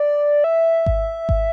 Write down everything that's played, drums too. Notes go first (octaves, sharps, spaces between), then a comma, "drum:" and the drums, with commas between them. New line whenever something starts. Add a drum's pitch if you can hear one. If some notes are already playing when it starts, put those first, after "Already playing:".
Already playing: D5
E5
drum: kick G#1
drum: kick G#1